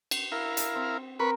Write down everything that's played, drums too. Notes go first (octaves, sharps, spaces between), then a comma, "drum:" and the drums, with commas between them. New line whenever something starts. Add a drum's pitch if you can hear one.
drum: cymbal
E4 A#4 F5
drum: hi-hat
C4
C4 A#4 B4 B5 C#6